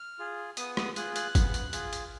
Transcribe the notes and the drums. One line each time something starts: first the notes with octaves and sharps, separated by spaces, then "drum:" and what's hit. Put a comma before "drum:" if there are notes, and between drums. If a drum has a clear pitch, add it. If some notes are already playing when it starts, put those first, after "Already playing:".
Already playing: F6
F4 G#4
B3 D#6, drum: hi-hat
D#6, drum: rim click
F4 G#4 F#6, drum: hi-hat
F#6, drum: hi-hat
B3, drum: kick, hi-hat
drum: hi-hat
F4 G#4, drum: hi-hat
drum: hi-hat